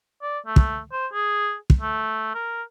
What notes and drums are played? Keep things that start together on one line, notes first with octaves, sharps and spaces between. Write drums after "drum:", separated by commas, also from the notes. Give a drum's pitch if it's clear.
D5
A3
drum: kick
C5
G#4
drum: kick
A3
A#4